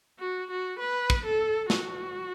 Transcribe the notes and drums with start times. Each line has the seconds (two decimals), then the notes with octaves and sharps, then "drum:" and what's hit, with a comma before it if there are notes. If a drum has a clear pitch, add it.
0.20 F#4
0.51 F#4
0.79 B4
1.10 drum: kick
1.25 A4
1.70 F#4, drum: snare